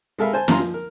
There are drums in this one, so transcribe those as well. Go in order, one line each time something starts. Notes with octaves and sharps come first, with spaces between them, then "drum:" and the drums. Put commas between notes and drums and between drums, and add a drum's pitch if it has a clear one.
G#3 A4 A#4 E5 F5 B5
C5 G#5 A5
F#2 A#3 F5 A#5 C6, drum: snare
F3
A#4